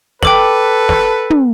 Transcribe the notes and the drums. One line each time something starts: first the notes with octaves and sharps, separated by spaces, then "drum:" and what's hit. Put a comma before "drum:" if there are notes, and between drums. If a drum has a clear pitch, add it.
A4 B4 G5 D6 F#7, drum: snare
drum: snare
drum: tom